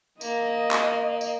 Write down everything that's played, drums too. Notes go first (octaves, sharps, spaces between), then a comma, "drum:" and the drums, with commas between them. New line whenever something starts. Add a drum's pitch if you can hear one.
A#3 D#5, drum: tambourine
drum: clap
drum: tambourine